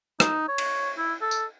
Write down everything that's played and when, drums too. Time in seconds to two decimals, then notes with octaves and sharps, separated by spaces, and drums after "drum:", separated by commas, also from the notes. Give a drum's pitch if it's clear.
0.20 D#4, drum: rim click
0.48 C#5
0.58 drum: cymbal
0.98 E4
1.22 A4
1.31 drum: tambourine